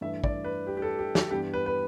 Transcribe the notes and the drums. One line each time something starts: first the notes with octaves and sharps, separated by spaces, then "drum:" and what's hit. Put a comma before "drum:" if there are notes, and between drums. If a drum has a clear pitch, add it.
G2 E3 A3 D4 E5
D5, drum: kick
B4
G4
G4
A4
G4
A4, drum: snare
G2 E3 B3 D4 G4
B4
B4